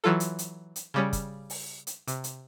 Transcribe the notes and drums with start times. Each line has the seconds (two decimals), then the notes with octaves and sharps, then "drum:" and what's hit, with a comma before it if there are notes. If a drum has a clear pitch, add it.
0.04 E3 F#3 F4 A4
0.20 drum: hi-hat
0.39 drum: hi-hat
0.76 drum: hi-hat
0.94 C#3 G3 C#4
1.13 drum: kick, hi-hat
1.50 drum: open hi-hat
1.87 drum: hi-hat
2.08 C3, drum: hi-hat
2.24 drum: hi-hat